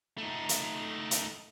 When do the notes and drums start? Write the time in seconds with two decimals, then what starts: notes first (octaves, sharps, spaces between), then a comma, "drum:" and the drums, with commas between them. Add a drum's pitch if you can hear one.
0.18 A3 D#4
0.49 drum: hi-hat
1.11 drum: hi-hat